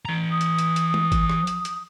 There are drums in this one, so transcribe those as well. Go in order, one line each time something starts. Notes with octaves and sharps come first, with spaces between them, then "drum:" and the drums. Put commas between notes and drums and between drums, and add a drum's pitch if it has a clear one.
E3 A#5
D#6
drum: hi-hat
drum: hi-hat
drum: hi-hat
drum: tom
drum: kick G#1, hi-hat
drum: rim click
drum: hi-hat
drum: hi-hat